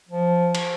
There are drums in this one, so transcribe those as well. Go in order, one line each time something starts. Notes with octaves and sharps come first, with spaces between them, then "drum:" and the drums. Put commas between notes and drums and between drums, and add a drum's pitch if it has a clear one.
F3
drum: cymbal